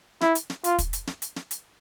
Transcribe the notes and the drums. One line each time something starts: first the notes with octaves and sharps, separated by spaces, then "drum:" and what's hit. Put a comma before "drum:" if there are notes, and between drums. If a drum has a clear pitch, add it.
E4, drum: snare
drum: hi-hat
drum: snare
F4, drum: hi-hat
drum: kick, hi-hat
drum: hi-hat
drum: snare
drum: hi-hat
drum: snare
drum: hi-hat